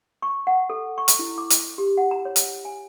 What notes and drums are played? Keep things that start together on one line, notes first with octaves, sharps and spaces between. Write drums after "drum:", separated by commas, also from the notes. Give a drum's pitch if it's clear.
C#6
F#5
A4
C#6
drum: hi-hat
E4
D6
drum: hi-hat
G4
F#5
A#5
C#5
drum: hi-hat
G#5